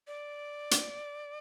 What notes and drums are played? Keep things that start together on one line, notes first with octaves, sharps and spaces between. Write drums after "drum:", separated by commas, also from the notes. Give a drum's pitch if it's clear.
D5
drum: hi-hat